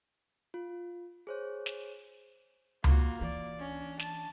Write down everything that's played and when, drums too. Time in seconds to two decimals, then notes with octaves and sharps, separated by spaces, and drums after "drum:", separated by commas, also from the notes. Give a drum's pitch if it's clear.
0.54 F4
1.27 G#4 C5 C#5
1.66 drum: snare
2.84 A#3 F4 F#4, drum: tom C#2
3.21 E3 D5
3.59 C#4 D4
3.99 A5, drum: snare